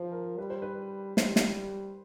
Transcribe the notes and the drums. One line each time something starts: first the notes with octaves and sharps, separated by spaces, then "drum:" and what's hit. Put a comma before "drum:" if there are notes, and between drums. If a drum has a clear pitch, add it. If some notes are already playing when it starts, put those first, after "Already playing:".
Already playing: F3 C5
A#4
G3 B4
C5
B4
G3 C5, drum: snare
drum: snare